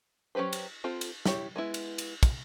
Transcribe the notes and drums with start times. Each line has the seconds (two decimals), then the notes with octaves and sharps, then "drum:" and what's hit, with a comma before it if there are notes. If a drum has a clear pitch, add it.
0.35 F#3 C#4 G4 B4 C5
0.53 drum: cymbal
0.84 C4 F4 A4
1.01 drum: cymbal
1.26 E4 G4 C#5, drum: snare
1.56 G#3 B3 E4
1.74 drum: cymbal
1.98 drum: cymbal
2.23 drum: kick, cymbal